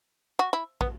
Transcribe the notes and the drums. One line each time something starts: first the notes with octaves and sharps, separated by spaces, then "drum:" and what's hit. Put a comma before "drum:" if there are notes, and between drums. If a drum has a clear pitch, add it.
F#4
E4
B3, drum: kick